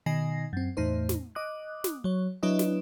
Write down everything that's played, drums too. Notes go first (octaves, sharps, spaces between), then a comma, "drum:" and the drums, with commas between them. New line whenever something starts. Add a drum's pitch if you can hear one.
B2 D#3 D#5 G#5 A#6 C7
F#2 C4
E2 A2 D#4 C5
drum: snare
D#5 D6 D#6 F#6
drum: snare
F#3 C#5
F#3 D4 E4 B4 C#5 D#5
drum: snare